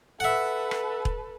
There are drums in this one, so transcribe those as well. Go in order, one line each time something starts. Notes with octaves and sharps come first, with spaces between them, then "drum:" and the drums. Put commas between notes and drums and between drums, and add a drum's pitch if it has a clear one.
A4 B4 E5 F#5
drum: rim click
drum: kick E1